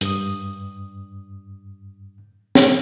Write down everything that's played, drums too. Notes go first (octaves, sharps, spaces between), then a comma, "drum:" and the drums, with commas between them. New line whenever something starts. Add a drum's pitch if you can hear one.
G2 D#6, drum: hi-hat
drum: snare